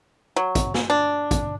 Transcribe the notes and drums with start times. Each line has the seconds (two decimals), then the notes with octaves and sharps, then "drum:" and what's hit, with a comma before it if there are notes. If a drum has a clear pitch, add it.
0.36 F#3
0.55 drum: kick, hi-hat
0.74 drum: snare
0.90 D4
1.31 drum: kick, hi-hat